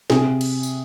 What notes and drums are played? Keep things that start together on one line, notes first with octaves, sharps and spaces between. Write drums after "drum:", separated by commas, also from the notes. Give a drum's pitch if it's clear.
C3 G#4, drum: snare
drum: cymbal
drum: tambourine